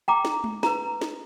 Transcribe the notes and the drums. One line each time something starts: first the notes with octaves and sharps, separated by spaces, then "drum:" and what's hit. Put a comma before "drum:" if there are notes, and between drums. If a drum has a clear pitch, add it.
G5 A#5 D6
drum: snare
drum: tom G#3
B4 A#5, drum: snare
drum: snare